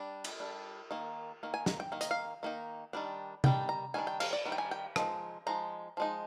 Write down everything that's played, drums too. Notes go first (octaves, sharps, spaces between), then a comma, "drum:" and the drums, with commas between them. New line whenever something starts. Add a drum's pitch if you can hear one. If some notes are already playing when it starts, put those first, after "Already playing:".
Already playing: G3 D4
drum: cymbal
G3 D4
D#3 A#3
D#3 A#3
G#5
A#5, drum: snare
G5
D#3 A#3
D#5, drum: hi-hat
F5
D#3 A#3 D#4
D#3 G3 D4
D#3 G3 D4 G5, drum: tom
A#5
D#3 G3 D4 G#5
G5
F5, drum: cymbal
D5
D#3 G3 D4
G5
G#5
G5
F3 G#3 D#4, drum: rim click
F3 G#3 D#4 A#5
F3 G#3 D#4